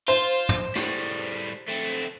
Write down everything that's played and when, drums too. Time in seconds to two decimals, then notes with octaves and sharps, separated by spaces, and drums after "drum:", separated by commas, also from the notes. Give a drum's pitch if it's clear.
0.08 F4 C5
0.49 drum: tom
0.76 A2 G3, drum: rim click
1.68 A3 C4